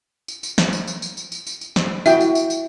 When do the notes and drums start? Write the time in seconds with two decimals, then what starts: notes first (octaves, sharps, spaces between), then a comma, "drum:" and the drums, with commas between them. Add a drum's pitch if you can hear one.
0.28 drum: tambourine
0.43 drum: tambourine
0.58 drum: snare
0.73 drum: tambourine
0.87 drum: tambourine
1.02 drum: tambourine
1.17 drum: tambourine
1.32 drum: tambourine
1.47 drum: tambourine
1.61 drum: tambourine
1.76 drum: snare
2.06 E4 F#4 E5 G5, drum: tambourine
2.20 drum: tambourine
2.35 drum: tambourine
2.50 drum: tambourine